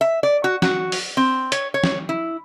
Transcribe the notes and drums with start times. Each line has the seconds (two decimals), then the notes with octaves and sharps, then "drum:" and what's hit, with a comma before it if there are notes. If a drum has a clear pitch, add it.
0.01 E5
0.23 D5
0.44 F#4
0.62 F#4, drum: snare
0.92 drum: open hi-hat
1.17 C4
1.52 C#5, drum: hi-hat
1.74 C#5
1.84 drum: snare
2.09 E4